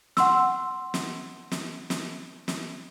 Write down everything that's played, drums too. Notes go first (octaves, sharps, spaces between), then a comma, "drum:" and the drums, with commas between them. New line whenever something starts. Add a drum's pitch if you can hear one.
F#5 C6 E6, drum: snare
drum: snare
drum: snare
drum: snare
drum: snare